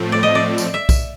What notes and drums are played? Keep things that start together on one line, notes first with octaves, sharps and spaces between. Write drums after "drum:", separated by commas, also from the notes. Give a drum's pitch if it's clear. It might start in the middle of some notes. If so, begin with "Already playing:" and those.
Already playing: A2 F3 A3 C4
D5
D#5
D5
drum: tambourine
E5
drum: kick B1, tambourine